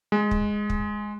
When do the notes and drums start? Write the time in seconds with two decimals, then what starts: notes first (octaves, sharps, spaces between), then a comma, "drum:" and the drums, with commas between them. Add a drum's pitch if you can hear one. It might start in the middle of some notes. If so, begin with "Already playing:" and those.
0.12 G#3
0.31 drum: kick
0.70 drum: kick